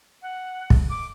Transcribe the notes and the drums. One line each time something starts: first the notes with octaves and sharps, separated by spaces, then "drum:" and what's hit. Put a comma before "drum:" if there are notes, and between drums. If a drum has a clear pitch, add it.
F#5
drum: kick
D6